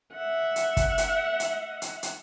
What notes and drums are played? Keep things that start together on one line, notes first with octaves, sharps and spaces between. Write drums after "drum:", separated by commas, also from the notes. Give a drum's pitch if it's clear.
E5 F#5
drum: hi-hat
drum: kick, hi-hat
drum: hi-hat
drum: hi-hat
drum: hi-hat
drum: hi-hat